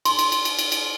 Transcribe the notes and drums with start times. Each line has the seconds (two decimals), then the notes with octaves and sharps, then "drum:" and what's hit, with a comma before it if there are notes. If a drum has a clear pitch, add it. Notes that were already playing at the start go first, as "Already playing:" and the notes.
0.05 C6, drum: cymbal
0.19 drum: cymbal
0.32 drum: cymbal
0.45 drum: cymbal
0.59 drum: cymbal
0.72 drum: cymbal